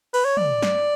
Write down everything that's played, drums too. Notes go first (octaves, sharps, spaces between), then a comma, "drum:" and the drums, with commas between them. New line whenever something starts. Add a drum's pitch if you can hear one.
B4, drum: cymbal
C#5
D5, drum: tom
drum: snare